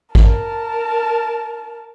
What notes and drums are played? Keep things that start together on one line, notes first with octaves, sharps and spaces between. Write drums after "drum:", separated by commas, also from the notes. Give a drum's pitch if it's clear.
A#4 A5, drum: kick G#1